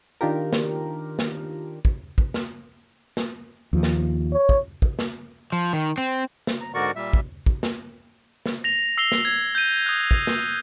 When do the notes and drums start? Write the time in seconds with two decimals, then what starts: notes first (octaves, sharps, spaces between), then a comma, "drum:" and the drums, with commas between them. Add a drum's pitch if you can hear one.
0.21 D#3 D4 F4 G4 A#4
0.53 drum: snare
1.19 drum: snare
1.85 drum: kick
2.18 drum: kick
2.34 drum: snare
3.17 drum: snare
3.73 D#2 F3
3.83 drum: snare
4.33 C#5
4.49 drum: kick
4.82 drum: kick
4.99 drum: snare
5.52 F3
5.73 D#3
5.98 C4
6.47 drum: snare
6.61 A#5
6.74 G#2 D3 F#4 A#4 D5 C#6
6.96 A#2 G3 E5
7.13 drum: kick
7.46 drum: kick
7.63 drum: snare
8.46 drum: snare
8.64 A#6 F7
8.98 E6 C7 F7 G7
9.12 drum: snare
9.25 G#6
9.55 G6 D#7
9.86 D#6 F#6
10.11 drum: kick
10.27 drum: snare